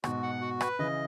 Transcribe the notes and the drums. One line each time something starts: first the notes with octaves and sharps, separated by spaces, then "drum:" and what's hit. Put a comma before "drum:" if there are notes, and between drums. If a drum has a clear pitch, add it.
G#2 B2 F#4, drum: rim click
F#5
F#4
B4, drum: rim click
C#3 E3 D#5